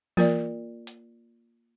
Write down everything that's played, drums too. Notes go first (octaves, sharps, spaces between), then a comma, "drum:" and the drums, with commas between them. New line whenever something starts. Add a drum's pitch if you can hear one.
A#3 F4 A#4 D5, drum: tom E3
drum: hi-hat